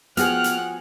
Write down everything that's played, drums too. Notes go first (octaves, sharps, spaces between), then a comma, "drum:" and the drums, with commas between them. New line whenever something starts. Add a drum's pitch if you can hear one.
F3 B3 F#4 G#4 F#5 G5 F6, drum: hi-hat
drum: hi-hat